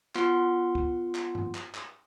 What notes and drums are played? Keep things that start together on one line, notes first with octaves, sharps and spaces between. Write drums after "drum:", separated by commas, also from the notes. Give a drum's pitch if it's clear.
B3 F4 F#5 C6, drum: clap
drum: kick
drum: clap
drum: tom G2
drum: clap
drum: clap